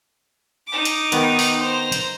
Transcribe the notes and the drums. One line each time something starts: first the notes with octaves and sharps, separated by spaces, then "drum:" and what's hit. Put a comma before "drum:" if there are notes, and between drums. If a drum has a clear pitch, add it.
D#4 D6
drum: hi-hat
D#3 B3, drum: hi-hat
drum: open hi-hat
C5 A#5
drum: hi-hat